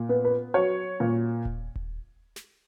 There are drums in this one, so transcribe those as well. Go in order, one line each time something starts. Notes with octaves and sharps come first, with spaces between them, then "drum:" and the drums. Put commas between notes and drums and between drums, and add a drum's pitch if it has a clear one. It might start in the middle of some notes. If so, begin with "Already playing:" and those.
Already playing: A#2
B3
B4
F#3 C#5
A#2
drum: kick D#1
drum: kick D#1
drum: snare